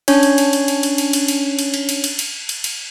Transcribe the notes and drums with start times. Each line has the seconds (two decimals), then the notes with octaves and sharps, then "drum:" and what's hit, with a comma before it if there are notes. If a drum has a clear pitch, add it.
0.08 C#4 D4 C#5, drum: cymbal
0.23 drum: cymbal
0.38 drum: cymbal
0.53 drum: cymbal
0.68 drum: cymbal
0.83 drum: cymbal
0.98 drum: cymbal
1.13 drum: cymbal
1.28 drum: cymbal
1.59 drum: cymbal
1.74 drum: cymbal
1.89 drum: cymbal
2.04 drum: cymbal
2.19 drum: cymbal
2.49 drum: cymbal
2.64 drum: cymbal